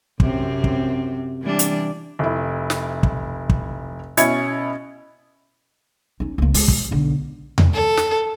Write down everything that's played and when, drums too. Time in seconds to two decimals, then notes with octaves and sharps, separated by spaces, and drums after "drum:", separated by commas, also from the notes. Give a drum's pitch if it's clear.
0.20 F#2 C3 C4, drum: kick
0.64 drum: kick
1.42 E3 G3 D4
1.59 drum: hi-hat
2.19 F1 E4
2.70 drum: snare
3.03 drum: kick
3.49 drum: kick
4.17 B2 C#4 E4 G#6 C#7, drum: hi-hat
6.20 C#4 D#4
6.38 C#2 A#3
6.54 G#3, drum: open hi-hat
6.68 drum: kick
6.91 B1 D3
7.58 drum: tom E2
7.73 A4
7.97 drum: snare